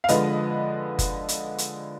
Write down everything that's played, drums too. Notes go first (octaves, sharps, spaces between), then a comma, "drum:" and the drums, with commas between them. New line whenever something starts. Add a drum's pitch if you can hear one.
F5
D3 F3 G#3 B4 D#5, drum: hi-hat
drum: kick F#1, hi-hat
drum: hi-hat
drum: hi-hat